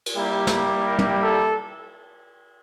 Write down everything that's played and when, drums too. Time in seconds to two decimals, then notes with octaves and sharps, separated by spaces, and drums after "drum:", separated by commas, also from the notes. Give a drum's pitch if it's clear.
0.06 drum: cymbal
0.15 G3 A#3 E4 G4
0.47 drum: snare
0.85 A#4
0.99 drum: tom
1.22 A4